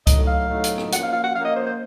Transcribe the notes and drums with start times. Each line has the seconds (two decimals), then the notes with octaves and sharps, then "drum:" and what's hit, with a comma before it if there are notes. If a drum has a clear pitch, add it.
0.07 A2 F#3 A3 D#4 D#5, drum: kick C#2, hi-hat
0.28 F5
0.49 A2 F#3 A3 D#4
0.64 drum: hi-hat
0.78 drum: rim click
0.92 F3 A#3 C#4 F#5, drum: hi-hat
1.03 F5
1.13 F5
1.24 F#5
1.35 F3 A#3 C#4 F5
1.46 D#5
1.57 C5
1.67 C5